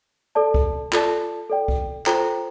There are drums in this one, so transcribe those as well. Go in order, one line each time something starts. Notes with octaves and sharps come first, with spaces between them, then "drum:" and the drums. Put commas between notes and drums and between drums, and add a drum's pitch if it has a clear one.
A4 D5 A5
drum: kick C2
F4 A4 D5 A5, drum: clap
A4 D5 G5
drum: kick C2
F4 A4 C5 G5 A#5, drum: clap